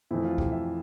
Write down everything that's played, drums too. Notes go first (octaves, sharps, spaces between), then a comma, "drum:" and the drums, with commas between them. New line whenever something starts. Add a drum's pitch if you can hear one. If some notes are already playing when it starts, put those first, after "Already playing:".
F2 E3 A3 E4
F4
G4, drum: kick
E5